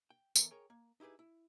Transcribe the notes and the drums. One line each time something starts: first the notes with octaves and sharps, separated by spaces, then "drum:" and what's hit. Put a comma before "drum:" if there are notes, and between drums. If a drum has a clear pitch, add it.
G5
E3 B3 A4 A#4 D5 D#5, drum: tambourine
G#4 A#4 C#5 G5
A#3
D#4 E4 G4 G#4 B4
E4